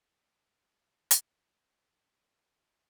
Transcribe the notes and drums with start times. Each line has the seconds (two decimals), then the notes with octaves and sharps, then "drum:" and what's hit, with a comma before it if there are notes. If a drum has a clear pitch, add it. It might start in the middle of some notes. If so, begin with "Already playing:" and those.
0.12 G5
1.11 drum: hi-hat
1.41 G#3
2.40 G4 C#5 C6